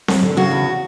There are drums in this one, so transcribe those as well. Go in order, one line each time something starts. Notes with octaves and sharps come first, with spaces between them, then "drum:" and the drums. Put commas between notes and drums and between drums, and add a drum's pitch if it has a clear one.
F#2, drum: snare C4
D3
C#3 F#4
E2